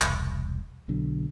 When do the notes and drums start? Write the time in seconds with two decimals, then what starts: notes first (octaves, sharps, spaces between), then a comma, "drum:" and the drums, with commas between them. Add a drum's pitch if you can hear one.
0.01 E1 C2, drum: clap
0.88 B1 B2 D3 F#3